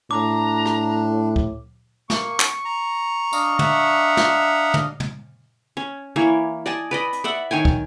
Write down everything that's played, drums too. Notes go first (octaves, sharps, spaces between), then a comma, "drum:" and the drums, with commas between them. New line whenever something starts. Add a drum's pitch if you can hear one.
A2 D4 A#5 D6
drum: rim click
drum: kick
A#3 C#6, drum: snare
drum: clap
A#5
D4 D#5 F5, drum: tambourine
E5 F#5 A#5, drum: tom
drum: snare
drum: tom
drum: tom
C#4
E3 A#3 C#5
D5 D#5 G#5 A5
B4 D5 D#5
drum: hi-hat
D5 E5 F#5
D#3 C#5 G5 G#5
drum: kick